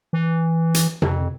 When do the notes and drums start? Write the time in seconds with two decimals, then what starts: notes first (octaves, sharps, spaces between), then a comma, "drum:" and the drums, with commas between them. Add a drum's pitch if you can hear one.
0.13 E3
0.74 drum: hi-hat
1.02 F2, drum: tom C3